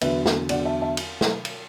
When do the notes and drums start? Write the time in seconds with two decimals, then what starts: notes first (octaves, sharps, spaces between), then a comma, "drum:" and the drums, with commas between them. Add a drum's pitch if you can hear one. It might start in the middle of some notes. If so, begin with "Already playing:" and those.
0.01 E2 D3 F#3 B4 E5, drum: cymbal
0.26 drum: snare
0.49 E2 D3 F#3 D5 F#5, drum: cymbal
0.65 E5 A5
0.81 E5 A5
0.97 drum: cymbal
1.21 drum: snare
1.45 drum: cymbal